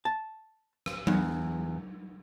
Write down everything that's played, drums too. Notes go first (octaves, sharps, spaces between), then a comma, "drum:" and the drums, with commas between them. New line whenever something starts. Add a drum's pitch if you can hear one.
A5
drum: rim click
E2, drum: tom F#3